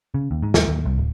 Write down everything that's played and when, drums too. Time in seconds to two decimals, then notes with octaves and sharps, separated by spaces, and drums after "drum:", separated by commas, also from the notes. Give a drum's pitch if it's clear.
0.14 C#3
0.31 D#2
0.43 G#2
0.54 D#2, drum: snare
0.68 D#2
0.85 C2
0.98 D1